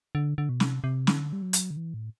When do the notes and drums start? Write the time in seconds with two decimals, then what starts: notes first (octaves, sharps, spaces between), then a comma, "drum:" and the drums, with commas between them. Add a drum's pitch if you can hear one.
0.15 D3
0.38 D3
0.49 B2
0.60 C3, drum: snare
0.84 C3
1.07 D3, drum: snare
1.33 G3
1.42 F#3
1.53 drum: hi-hat
1.71 D3
1.77 E3
1.94 A2